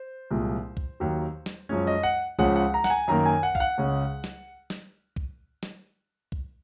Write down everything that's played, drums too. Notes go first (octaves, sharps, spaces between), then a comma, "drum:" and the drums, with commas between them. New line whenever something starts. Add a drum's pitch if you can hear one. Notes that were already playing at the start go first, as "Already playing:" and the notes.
Already playing: C5
C2 A#2 F3 G#3
drum: kick B1
D#2 D#3 F#3
drum: snare
F#2 F3 G#3 C#4 C#5
D#5
F#5
C#2 C#3 F3 G#3 C#4 F#5, drum: kick B1
F#5
A#5
F#5, drum: snare
G#5
F#2 D#3 A#3 A#5
G#5
F#5
F5, drum: kick B1
F#5
C#2 C#3 G#3 C#4
drum: snare
drum: snare
drum: kick B1
drum: snare
drum: kick B1